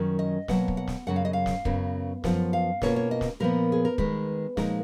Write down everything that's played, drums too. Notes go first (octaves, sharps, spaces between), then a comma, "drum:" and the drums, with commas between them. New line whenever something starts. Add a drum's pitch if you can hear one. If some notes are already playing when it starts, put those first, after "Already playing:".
Already playing: F#2 D#3 F#3 C#4 F4
D#5
B2 F#3 A#3 F#5, drum: snare
drum: kick
F#5
drum: snare
F#2 C#3 F#3 F#5
F5
D#5
F5
drum: snare
F#2 C#3 F#3 B3, drum: kick
F#2 F3 B3 F4 F#5, drum: snare
F5
B2 A#3 C#4 F4 C#5, drum: snare
C#5
D#5
drum: snare
A#2 F3 B3 A#4
G#4
A#4
D#3 G#3 B3 B4, drum: kick
A#2 F3 G#3 D#4 A#4, drum: snare